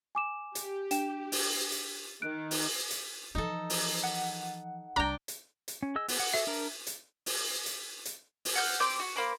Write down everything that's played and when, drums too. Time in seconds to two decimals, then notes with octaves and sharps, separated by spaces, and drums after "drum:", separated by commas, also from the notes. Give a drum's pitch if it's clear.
0.15 G#5 D6 E7
0.55 G4, drum: hi-hat
0.91 D4 G5 E7, drum: hi-hat
1.32 drum: open hi-hat
1.72 drum: hi-hat
2.22 D#3 F#6 D7
2.51 drum: open hi-hat
2.90 drum: hi-hat
3.35 E3 F3 D#4 A4
3.70 drum: open hi-hat
4.04 F#5
4.96 C2 G3 D4 G5 A#5
5.28 drum: hi-hat
5.68 drum: hi-hat
5.83 C#4
5.96 G#4 D#5 E6
6.08 B3, drum: open hi-hat
6.20 F#5
6.34 F#4 A4 E5
6.47 D4 A#4 A#5
6.87 drum: hi-hat
7.26 drum: open hi-hat
7.66 drum: hi-hat
8.05 drum: hi-hat
8.45 drum: open hi-hat
8.55 F#5 F6 G6
8.80 C4 C6 D6 G6
9.00 F#4
9.16 A#3 C5 B5 D6